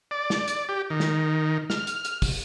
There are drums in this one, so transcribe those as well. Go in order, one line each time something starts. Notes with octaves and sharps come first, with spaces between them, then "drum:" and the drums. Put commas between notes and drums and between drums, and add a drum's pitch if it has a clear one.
D5
drum: snare
drum: hi-hat
G4
D#3
drum: snare
F6, drum: snare
drum: hi-hat
drum: hi-hat
drum: kick, open hi-hat